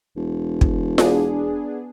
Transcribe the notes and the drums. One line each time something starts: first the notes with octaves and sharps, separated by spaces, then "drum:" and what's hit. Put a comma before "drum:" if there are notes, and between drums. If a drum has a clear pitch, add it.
E1
drum: kick
B3 D4 G#4, drum: snare F4